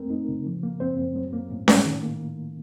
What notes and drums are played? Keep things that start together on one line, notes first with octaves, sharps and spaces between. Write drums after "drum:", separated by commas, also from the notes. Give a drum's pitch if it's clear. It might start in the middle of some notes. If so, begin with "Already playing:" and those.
Already playing: F2 A3 A#3 C4 A#4
D#4
C#3
F3
A#3
F#2 C4 C5
F#2
F#3
A#3
A2
A2, drum: snare C#4
D#3
A#3